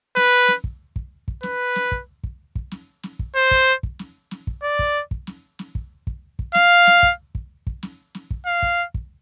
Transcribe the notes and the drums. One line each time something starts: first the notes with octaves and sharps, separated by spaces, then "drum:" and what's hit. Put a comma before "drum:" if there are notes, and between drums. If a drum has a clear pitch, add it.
B4, drum: snare
drum: snare
drum: kick
drum: kick
drum: kick
B4, drum: snare
drum: snare
drum: kick
drum: kick
drum: kick
drum: snare
drum: snare
drum: kick
C5
drum: kick
drum: kick
drum: snare
drum: snare
drum: kick
D5
drum: kick
drum: kick
drum: snare
drum: snare
drum: kick
drum: kick
drum: kick
F5, drum: snare
drum: snare
drum: kick
drum: kick
drum: kick
drum: snare
drum: snare
drum: kick
F5
drum: kick
drum: kick